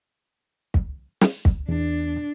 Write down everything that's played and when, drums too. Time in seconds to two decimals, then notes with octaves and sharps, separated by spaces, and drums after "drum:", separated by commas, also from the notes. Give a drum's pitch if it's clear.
0.74 drum: kick
1.21 drum: snare
1.45 drum: kick
1.69 E2 D4